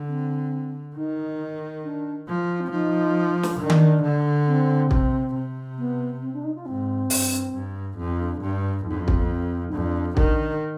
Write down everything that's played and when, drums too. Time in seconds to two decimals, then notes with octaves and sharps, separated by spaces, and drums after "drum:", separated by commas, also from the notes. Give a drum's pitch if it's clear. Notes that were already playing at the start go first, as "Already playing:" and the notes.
Already playing: D3
0.08 C4
0.96 D#3 D#4
1.84 D4
2.28 F3
2.49 F4
2.60 C4
2.71 F3 D#4
3.43 drum: snare
3.59 D#3 D4
3.70 drum: tom D#3
4.03 D3
4.47 C4
4.91 C3, drum: kick
5.34 C3
5.78 B3
6.22 C4
6.34 D4
6.44 D#4
6.56 F4
6.65 G#2 C4
7.10 G2, drum: open hi-hat
7.54 G2
7.97 F2 C4
8.20 D4
8.41 G2
8.85 F2 D#4
8.96 D4
9.08 C4, drum: kick
9.18 B3
9.29 C4
9.68 D#4
9.73 F2 D4
10.17 D#3 D4, drum: kick